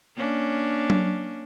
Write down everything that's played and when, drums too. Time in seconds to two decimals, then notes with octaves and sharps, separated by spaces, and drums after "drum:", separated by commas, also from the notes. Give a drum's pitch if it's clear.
0.16 A#3 C#4 D4
0.90 drum: tom F#3